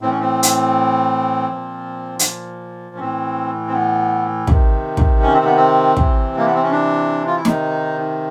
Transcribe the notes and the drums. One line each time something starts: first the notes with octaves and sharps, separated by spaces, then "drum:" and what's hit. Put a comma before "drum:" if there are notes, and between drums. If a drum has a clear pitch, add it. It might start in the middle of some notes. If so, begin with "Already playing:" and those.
A2 E3 C4
C#4
C4
drum: hi-hat
A#2 F3
drum: hi-hat
C#4
A2 E3 C4
C4
B3
C3 D#3, drum: kick
drum: kick
C#4
C4
B3
C4
C3 E3, drum: kick
A#3
B3
C4
C#4
D4
F4
E4
C3 D#3 D#4, drum: snare